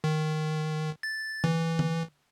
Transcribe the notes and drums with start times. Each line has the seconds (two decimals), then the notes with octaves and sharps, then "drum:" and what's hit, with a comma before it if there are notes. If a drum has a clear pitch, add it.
0.04 D#3
1.03 A6
1.44 E3, drum: tom D3
1.79 drum: tom D3